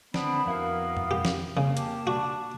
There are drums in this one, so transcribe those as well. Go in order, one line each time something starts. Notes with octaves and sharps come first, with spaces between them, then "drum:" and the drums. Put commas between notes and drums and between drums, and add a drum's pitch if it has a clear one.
D3 B3 C4 D4 B5, drum: snare
F2 E4 F#4 A#4 F5
drum: tom F2
G4
drum: snare
C#3 A#3
G4 A5, drum: hi-hat
D4 F#4